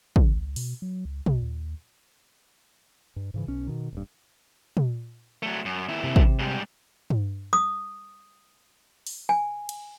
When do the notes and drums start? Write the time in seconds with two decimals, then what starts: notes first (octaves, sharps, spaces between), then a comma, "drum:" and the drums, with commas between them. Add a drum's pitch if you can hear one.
0.16 C#3, drum: kick
0.34 C#2
0.56 B2, drum: open hi-hat
0.82 F#3
1.05 C#2
1.26 B1, drum: tom
1.42 D#2
3.16 G2
3.34 G#2 C#3 E3
3.48 B1 C#4
3.67 B2 D#3
3.93 D#1 G2
4.77 drum: tom
5.43 F#3 A3
5.65 F#2
5.89 D#2 E4
6.04 C3
6.16 drum: kick
6.39 G#2 G3
7.10 drum: tom G2
7.53 D#6
9.07 drum: open hi-hat
9.29 G#5
9.69 drum: cymbal